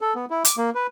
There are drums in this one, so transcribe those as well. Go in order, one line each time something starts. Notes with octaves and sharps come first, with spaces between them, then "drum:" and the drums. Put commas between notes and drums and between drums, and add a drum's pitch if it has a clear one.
A4
B3
E4
D6, drum: hi-hat
A#3
B4